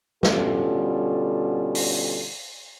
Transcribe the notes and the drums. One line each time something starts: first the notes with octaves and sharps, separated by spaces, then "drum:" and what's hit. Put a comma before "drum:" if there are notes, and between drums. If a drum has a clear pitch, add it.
B2 D3 G3 C#4 F4 A4, drum: snare
drum: open hi-hat